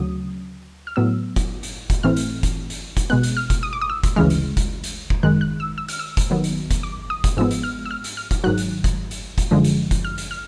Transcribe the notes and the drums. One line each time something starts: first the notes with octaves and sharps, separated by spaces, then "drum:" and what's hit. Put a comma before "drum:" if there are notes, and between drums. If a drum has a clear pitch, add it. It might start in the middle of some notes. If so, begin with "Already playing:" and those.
Already playing: D2 C#3 F#3 D#6
F6
A2 F#3 B3 E6
drum: kick, hi-hat
drum: hi-hat
drum: kick, hi-hat
A2 E3 A3 C4 F6
drum: hi-hat
drum: kick, hi-hat
drum: hi-hat
drum: kick, hi-hat
B2 G#3 B3 F#6
drum: hi-hat
F6
drum: kick, hi-hat
D#6
D6
D#6
E6
drum: kick, hi-hat
D2 C#3 E3 G#3 F6
drum: hi-hat
drum: kick, hi-hat
drum: hi-hat
drum: kick
F#2 D#3 G#3 F#6
F#6
E6
E6
F6, drum: hi-hat
E6
drum: kick, hi-hat
D#2 D#3 F#3 B3
drum: hi-hat
drum: kick, hi-hat
D6
D#6
drum: kick, hi-hat
G#2 F3 G#3 B3 E6
drum: hi-hat
F6
E6
F6
drum: hi-hat
F6
drum: kick, hi-hat
G#2 D#3 F#3 F#6
drum: hi-hat
drum: kick, hi-hat
drum: hi-hat
drum: kick, hi-hat
F#2 D3 F3 G#3
drum: hi-hat
drum: kick, hi-hat
F6
drum: hi-hat
F6